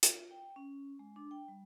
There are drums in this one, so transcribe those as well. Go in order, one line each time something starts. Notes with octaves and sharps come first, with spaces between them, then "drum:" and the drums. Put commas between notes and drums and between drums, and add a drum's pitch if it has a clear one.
F4, drum: hi-hat
G5
C#4
G#3
D4
G5
G3